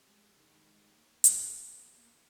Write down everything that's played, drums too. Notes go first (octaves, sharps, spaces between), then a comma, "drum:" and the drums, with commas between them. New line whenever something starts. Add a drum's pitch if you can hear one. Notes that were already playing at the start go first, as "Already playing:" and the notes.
Already playing: F1 F#3
G#3
D#3 G#3
G#3
D#2
A#3
F#3 B3, drum: hi-hat
A#3
A#3
F1 B3
A#3
D#3